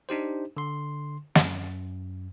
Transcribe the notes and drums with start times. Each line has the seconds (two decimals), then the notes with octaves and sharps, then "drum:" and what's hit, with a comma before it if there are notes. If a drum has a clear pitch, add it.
0.09 D4 D#4 G4 C5
0.57 D3 C6
1.35 F#2, drum: snare